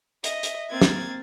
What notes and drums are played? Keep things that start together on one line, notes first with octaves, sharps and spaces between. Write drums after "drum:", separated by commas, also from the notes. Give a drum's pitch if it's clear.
D#5 E5, drum: hi-hat
drum: hi-hat
A#3 C4 G#6 A6
drum: snare